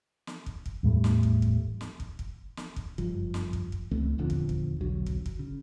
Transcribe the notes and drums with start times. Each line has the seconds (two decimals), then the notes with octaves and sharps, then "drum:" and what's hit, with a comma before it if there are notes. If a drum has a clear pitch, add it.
0.27 drum: snare
0.46 drum: kick
0.66 drum: kick
0.83 E2 A2 G3 A3
1.04 drum: snare
1.23 drum: kick
1.42 drum: kick
1.81 drum: snare
2.00 drum: kick
2.19 drum: kick
2.57 drum: snare
2.76 drum: kick
2.98 F#1 G2 F3, drum: kick
3.34 drum: snare
3.53 drum: kick
3.72 drum: kick
3.91 C#2 E3 A3 C4
4.18 D#1 E2 D3 F3
4.30 drum: kick
4.49 drum: kick
4.81 B1 E2 D3 F#3
5.06 drum: kick
5.26 drum: kick
5.39 C#3